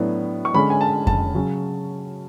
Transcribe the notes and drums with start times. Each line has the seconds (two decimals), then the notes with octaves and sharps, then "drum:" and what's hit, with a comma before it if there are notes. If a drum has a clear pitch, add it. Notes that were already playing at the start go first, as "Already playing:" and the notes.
Already playing: A2 F#3 B3 D4
0.45 C#6
0.54 D3 G#3 C#4 B5
0.70 G#5
0.81 A5
1.07 A5, drum: kick F2
1.34 C#3 F#3 C#4